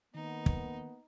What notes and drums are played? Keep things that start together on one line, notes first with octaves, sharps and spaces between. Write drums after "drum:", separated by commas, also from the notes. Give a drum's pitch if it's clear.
D#3 A#3 B3 D#4
drum: kick